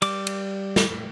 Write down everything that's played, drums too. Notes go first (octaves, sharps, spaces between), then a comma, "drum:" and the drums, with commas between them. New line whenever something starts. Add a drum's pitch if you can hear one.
G3 D6, drum: cymbal
drum: cymbal
drum: snare